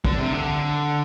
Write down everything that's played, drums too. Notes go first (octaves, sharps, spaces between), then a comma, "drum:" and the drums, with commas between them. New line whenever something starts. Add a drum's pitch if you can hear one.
D3, drum: kick
C3
D3